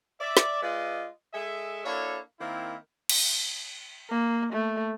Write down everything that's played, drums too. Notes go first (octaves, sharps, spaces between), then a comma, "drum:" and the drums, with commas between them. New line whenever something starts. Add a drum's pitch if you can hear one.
D5 E5
drum: snare
G#3 F4 B4 D5 D#5
G#3 G#4 A4 E5
A#3 D4 E4 F#4 A4 C#5
D#3 A#3 C4 E4
drum: cymbal
A#3
A3